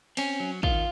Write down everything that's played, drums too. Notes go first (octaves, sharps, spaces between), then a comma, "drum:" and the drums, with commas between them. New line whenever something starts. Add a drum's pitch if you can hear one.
C4 C#4, drum: cymbal
F#3
D#3 F4, drum: kick